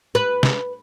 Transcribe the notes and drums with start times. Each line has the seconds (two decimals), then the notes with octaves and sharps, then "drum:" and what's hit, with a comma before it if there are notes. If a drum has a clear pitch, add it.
0.15 B4
0.43 drum: snare